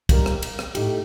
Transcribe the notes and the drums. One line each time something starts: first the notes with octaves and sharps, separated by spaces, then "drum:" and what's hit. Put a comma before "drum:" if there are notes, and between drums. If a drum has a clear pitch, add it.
A#2 G3 A#3 D#4 A#4, drum: kick, cymbal
drum: rim click
drum: cymbal
drum: rim click
A2 A3 D#4 G4, drum: cymbal